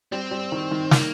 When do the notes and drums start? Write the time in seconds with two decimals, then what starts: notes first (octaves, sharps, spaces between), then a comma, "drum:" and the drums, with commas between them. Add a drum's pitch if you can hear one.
0.12 G3 C4
0.31 G3
0.52 D#3
0.71 D#3
0.91 A#3, drum: snare